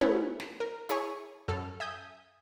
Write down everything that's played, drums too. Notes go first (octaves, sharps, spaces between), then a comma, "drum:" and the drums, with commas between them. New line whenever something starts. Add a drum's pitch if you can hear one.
A3 B3 C#4 E4, drum: tom
drum: snare
A#4
E4 G#4 C#5 G#5 C#6, drum: hi-hat
F#2 A4 F6
E5 G#5 D#6 G6